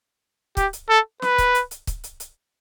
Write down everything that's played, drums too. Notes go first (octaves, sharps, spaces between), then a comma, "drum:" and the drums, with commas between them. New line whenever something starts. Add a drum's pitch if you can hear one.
G4, drum: kick, hi-hat
drum: hi-hat
A4
B4, drum: snare
drum: kick, hi-hat
drum: hi-hat
drum: hi-hat
drum: kick, hi-hat
drum: hi-hat
drum: hi-hat